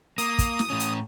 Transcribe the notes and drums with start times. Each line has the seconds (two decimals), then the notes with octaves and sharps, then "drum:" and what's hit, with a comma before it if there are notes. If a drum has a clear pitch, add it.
0.18 A#3 D#6, drum: hi-hat
0.39 drum: kick, hi-hat
0.59 drum: snare
0.70 A2 C#4
0.80 drum: hi-hat